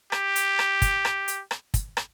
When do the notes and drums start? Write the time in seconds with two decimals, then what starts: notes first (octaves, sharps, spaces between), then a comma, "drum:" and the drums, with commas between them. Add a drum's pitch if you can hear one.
0.12 G4, drum: rim click
0.36 drum: hi-hat
0.59 drum: rim click
0.82 drum: kick, hi-hat
1.05 drum: rim click
1.28 drum: hi-hat
1.51 drum: rim click
1.74 drum: kick, hi-hat
1.97 drum: rim click